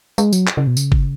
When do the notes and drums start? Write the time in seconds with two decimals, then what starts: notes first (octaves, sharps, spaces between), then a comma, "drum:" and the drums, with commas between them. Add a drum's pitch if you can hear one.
0.18 G#3, drum: tambourine
0.33 F#3, drum: tambourine
0.47 drum: clap
0.57 C#3
0.67 B2
0.77 C#3, drum: tambourine
0.92 drum: kick G1